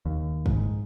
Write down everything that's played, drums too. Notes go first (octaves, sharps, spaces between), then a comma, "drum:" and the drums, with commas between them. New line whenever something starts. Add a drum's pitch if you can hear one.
D#2
G#2, drum: kick